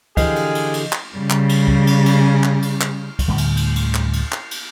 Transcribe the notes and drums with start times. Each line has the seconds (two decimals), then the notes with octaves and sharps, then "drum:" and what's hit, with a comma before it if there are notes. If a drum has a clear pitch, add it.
0.17 D3 E3 G4 G#4 D#5 F5, drum: kick, cymbal
0.36 drum: cymbal
0.55 drum: cymbal
0.74 drum: cymbal
0.93 drum: clap
1.17 C#3 G3
1.30 drum: clap
1.49 drum: cymbal
1.68 drum: kick
1.87 drum: cymbal
2.06 drum: cymbal
2.43 drum: clap
2.62 drum: cymbal
2.81 drum: clap
3.19 drum: kick, cymbal
3.28 D2 A2 D3 G3
3.38 drum: cymbal
3.57 drum: cymbal
3.76 drum: cymbal
3.94 drum: clap
4.13 drum: cymbal
4.32 drum: clap
4.51 drum: cymbal